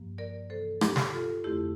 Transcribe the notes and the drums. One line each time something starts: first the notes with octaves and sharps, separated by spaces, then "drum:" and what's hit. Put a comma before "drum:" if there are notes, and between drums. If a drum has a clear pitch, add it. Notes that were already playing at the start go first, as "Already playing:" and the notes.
Already playing: G2 F3 A#3
A#4 D5
D2 C3 E3 A#3 A4 C5
G4 A#4, drum: rim click
drum: snare
F4 A4
F2 D3 A3 C4 E4 G4